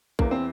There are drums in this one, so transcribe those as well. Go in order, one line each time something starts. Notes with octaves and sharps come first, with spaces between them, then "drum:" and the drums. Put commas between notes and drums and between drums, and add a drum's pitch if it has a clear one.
E2 E3 A#3, drum: kick
C4